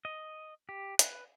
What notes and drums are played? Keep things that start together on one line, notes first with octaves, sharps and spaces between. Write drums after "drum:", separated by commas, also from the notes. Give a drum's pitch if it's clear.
D#5
G4
B4, drum: hi-hat